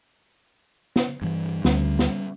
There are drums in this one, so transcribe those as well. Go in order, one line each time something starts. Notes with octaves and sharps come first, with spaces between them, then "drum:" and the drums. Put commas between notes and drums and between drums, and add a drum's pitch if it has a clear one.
drum: snare
G2 E3
D2 G3 C#4, drum: snare
drum: snare